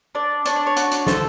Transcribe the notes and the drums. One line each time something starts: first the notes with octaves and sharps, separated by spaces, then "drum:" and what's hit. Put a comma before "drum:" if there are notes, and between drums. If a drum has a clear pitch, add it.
D4 D5
D4 C#5, drum: hi-hat
D5
C#5
F#4, drum: hi-hat
drum: hi-hat
A4 C5, drum: snare